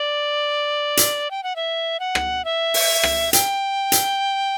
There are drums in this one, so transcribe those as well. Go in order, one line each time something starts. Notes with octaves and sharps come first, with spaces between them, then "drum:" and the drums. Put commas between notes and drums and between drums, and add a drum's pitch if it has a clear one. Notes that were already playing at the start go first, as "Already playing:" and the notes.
Already playing: D5
drum: hi-hat
G5
F#5
E5
F#5
drum: rim click
E5
drum: open hi-hat
drum: rim click
G5, drum: hi-hat
drum: hi-hat